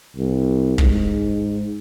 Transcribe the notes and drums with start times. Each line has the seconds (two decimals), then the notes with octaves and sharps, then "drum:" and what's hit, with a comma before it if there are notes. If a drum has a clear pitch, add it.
0.16 C2
0.78 G#2, drum: kick